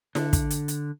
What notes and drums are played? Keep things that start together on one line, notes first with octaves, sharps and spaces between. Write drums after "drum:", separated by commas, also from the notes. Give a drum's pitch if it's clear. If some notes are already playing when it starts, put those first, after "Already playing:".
D3, drum: snare E4
drum: kick, hi-hat
drum: hi-hat
drum: hi-hat